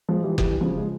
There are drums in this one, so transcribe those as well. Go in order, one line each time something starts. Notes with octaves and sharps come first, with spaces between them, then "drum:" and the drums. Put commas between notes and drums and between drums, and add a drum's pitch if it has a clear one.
F3 G#3
E3 G3
E3 G3, drum: kick F#1
C#3 F3
G#3